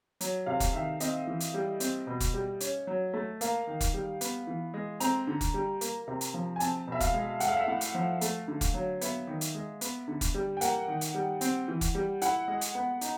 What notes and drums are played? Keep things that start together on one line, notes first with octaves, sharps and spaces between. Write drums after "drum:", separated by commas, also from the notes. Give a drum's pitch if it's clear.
F#3, drum: hi-hat
C3 F5
drum: kick F1, hi-hat
D#3 E5
C4 D#5, drum: hi-hat
E3
drum: hi-hat
G3
C4, drum: hi-hat
B2
drum: kick F1, hi-hat
G3
C#4, drum: hi-hat
F#3
A3
A#3 F5, drum: hi-hat
D#3
drum: kick F1, hi-hat
G3
B3, drum: hi-hat
E3
G#3
C4 A#5, drum: hi-hat
D3
drum: kick F1, hi-hat
G3
A#3, drum: hi-hat
C3
drum: hi-hat
F3
G#5
C4 A5, drum: hi-hat
B2 E5
F5, drum: kick F1, hi-hat
G#3
G#3 F#5, drum: hi-hat
F5
E5
A2 F5
drum: hi-hat
F3
A3, drum: hi-hat
D3
drum: kick F1, hi-hat
F#3
B3 E5, drum: hi-hat
D#3
drum: hi-hat
G#3
B3, drum: hi-hat
D3
drum: kick F1, hi-hat
G3
G5
A#3 F#5, drum: hi-hat
D#3
drum: hi-hat
G3
C4, drum: hi-hat
E3
drum: kick F1, hi-hat
G3
E4 F#5, drum: hi-hat
G#3
drum: hi-hat
B3
D#4, drum: hi-hat